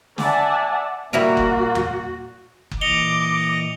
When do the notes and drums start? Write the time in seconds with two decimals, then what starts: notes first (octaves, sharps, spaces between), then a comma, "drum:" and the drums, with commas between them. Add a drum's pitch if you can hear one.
0.18 D5 E5 F#5 G#5 A5, drum: snare
1.13 A#2 G3 A#3 E4 F#4 A#4
1.37 drum: kick F#1
1.75 drum: tom E2
2.72 drum: kick F#1
2.81 A#2 E3 D#5 D6 C#7 F7 G7